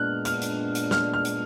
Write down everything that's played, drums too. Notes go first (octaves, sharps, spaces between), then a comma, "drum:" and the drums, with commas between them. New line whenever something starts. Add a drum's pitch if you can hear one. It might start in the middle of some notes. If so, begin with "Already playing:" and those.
Already playing: A#2 G#3 B3 D4 F6 F#6
F6, drum: hi-hat
drum: hi-hat
drum: hi-hat
F6, drum: snare
F6
drum: hi-hat